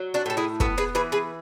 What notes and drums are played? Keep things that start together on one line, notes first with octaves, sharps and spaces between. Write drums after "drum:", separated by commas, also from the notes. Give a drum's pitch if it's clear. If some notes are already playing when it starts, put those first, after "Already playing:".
Already playing: F#3
D4 F#4
A2 A4
E4 G#4
B3 F#4 A4, drum: kick
G#4 B4
E3 G#4 B4
G#4 B4